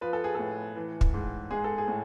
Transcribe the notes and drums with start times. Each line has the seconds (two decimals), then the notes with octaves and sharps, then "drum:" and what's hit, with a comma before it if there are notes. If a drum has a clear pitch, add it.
0.01 F3 B4
0.13 A4
0.24 G#4
0.35 A2 A4
0.76 E3
1.01 drum: kick
1.14 G#2
1.51 G#3 G#4
1.64 A4
1.78 G#4
1.88 A2